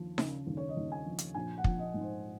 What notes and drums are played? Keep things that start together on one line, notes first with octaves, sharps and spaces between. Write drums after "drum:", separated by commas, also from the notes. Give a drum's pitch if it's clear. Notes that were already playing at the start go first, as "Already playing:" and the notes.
Already playing: D#2 F3
C#3, drum: snare D#4
D#2
C#5
D#5
D#2
G#5
F3
drum: hi-hat
A#1 G#5
F#5
F3, drum: kick
D#5
G#2
C5